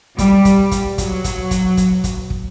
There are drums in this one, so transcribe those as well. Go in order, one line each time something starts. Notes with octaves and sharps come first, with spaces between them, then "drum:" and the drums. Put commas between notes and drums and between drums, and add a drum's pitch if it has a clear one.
G3, drum: kick, hi-hat
drum: kick, hi-hat
drum: kick, hi-hat
F#3, drum: kick, hi-hat
drum: kick, hi-hat
drum: kick, hi-hat
drum: kick, hi-hat
drum: kick, hi-hat
drum: kick